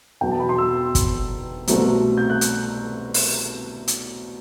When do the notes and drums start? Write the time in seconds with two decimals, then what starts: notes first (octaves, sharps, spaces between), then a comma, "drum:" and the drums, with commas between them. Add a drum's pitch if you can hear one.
0.21 E2 B2 F#3 G5
0.31 A5
0.39 B5
0.49 C6
0.58 E6
0.95 drum: kick, hi-hat
1.67 C2 B2 F#3 A3 C4, drum: hi-hat
2.17 G6
2.30 F#6
2.41 drum: hi-hat
3.14 drum: open hi-hat
3.88 drum: hi-hat